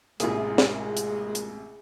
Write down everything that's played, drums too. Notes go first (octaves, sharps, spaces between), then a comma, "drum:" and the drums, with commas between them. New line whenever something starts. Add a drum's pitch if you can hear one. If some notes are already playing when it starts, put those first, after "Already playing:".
A1 C3 G#3 A#3 E4 F4 G#4, drum: hi-hat
drum: snare
drum: hi-hat
drum: hi-hat